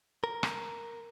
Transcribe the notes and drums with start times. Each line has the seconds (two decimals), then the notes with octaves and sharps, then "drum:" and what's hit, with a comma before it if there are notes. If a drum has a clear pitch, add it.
0.24 A#4
0.43 drum: rim click